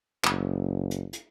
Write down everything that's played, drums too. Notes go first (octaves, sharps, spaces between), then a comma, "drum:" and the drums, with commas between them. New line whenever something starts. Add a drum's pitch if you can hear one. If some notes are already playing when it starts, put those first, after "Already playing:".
F#1, drum: clap
drum: hi-hat
drum: hi-hat